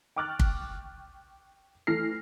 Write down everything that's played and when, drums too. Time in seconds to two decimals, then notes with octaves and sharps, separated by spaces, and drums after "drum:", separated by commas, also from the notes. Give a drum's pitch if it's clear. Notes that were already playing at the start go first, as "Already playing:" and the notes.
0.16 G5 C#6 D6 F6 F#6 A6
0.40 drum: kick
1.87 E3 A3 F6 A#6 C7